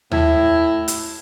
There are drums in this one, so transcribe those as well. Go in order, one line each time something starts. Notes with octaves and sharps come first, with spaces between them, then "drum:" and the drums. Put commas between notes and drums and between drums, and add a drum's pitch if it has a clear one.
A2 E4, drum: tom D#2
drum: hi-hat